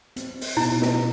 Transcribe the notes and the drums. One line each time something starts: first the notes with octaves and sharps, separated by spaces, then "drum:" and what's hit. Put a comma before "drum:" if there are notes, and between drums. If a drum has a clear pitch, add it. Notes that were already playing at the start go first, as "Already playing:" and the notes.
C4, drum: hi-hat
drum: open hi-hat
B2 E4
drum: snare